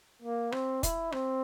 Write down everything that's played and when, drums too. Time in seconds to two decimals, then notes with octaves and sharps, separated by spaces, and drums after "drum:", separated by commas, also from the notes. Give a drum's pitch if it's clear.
0.22 A#3
0.52 C4, drum: rim click
0.83 E4, drum: kick, hi-hat
1.12 C4, drum: rim click